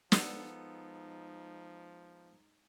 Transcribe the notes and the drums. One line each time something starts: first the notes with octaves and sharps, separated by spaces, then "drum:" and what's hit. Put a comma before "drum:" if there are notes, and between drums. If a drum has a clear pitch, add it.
F3 G#3 B3 D#4 A4, drum: snare